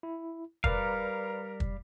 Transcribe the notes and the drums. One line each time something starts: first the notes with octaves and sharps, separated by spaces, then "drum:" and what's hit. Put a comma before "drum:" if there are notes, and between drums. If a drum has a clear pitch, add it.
E4
G3 A#4 B4 D5 F5 A#5, drum: kick
drum: kick